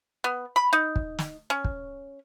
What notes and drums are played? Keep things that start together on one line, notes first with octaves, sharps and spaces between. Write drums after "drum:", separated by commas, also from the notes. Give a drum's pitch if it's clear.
B3
B5
D#4
drum: kick
drum: snare
C#4
drum: kick